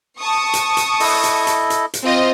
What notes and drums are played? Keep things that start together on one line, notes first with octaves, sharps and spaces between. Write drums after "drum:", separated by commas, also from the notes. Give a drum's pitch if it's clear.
A5 C#6 D#6
drum: hi-hat
drum: hi-hat
E4 A4 D#5, drum: open hi-hat
drum: hi-hat
drum: hi-hat
drum: hi-hat
drum: hi-hat
C4 F4 D#5